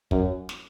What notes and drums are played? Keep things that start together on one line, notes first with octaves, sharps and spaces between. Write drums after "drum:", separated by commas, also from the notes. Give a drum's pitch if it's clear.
F#2, drum: kick
drum: snare